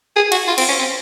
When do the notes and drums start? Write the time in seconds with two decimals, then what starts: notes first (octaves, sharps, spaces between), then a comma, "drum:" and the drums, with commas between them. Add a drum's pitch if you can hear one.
0.16 G#4
0.32 F#4, drum: cymbal
0.48 F4
0.58 C4, drum: cymbal
0.69 C#4
0.79 C4